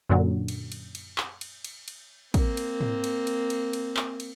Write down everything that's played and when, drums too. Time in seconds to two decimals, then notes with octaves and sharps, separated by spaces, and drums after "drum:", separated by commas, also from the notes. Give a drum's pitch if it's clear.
0.10 F#2 A#2 D3 F#3
0.48 drum: cymbal
0.72 drum: cymbal
0.95 drum: cymbal
1.18 drum: clap
1.41 drum: cymbal
1.64 drum: cymbal
1.88 drum: cymbal
2.34 A#3 C4, drum: kick, cymbal
2.57 drum: cymbal
2.81 drum: tom
3.04 drum: cymbal
3.27 drum: cymbal
3.50 drum: cymbal
3.73 drum: cymbal
3.97 drum: clap
4.20 drum: cymbal